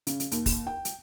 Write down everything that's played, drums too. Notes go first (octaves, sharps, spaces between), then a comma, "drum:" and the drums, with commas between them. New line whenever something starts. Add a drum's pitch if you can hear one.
C#3, drum: hi-hat
drum: hi-hat
D#2, drum: hi-hat
drum: kick, open hi-hat
G5
drum: hi-hat